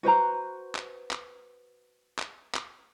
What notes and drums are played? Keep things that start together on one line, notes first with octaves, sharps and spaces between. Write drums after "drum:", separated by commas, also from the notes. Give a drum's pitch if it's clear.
F#4 B4 C5 A#5
drum: clap
drum: clap
drum: clap
drum: clap